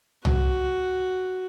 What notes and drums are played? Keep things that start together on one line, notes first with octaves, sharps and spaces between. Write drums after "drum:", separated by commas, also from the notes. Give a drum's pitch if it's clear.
F#4, drum: tom C2